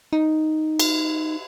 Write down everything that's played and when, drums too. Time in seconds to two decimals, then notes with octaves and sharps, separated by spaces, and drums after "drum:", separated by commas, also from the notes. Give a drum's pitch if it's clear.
0.13 D#4
0.80 drum: cymbal